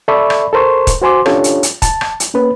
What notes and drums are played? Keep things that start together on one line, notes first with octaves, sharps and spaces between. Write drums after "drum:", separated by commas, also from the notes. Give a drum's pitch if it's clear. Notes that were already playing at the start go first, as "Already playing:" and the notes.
A4 D5 E5 B5 C#6
drum: rim click
A4 A#4 C5 C6 C#6
drum: kick D#1, hi-hat
F#4 C5 G#5 C6 D6
C#4 D4 F4 G4 A4 C#5, drum: rim click
drum: hi-hat
drum: hi-hat
A5, drum: kick D#1, hi-hat
drum: rim click
drum: hi-hat
A#3 C#4 B4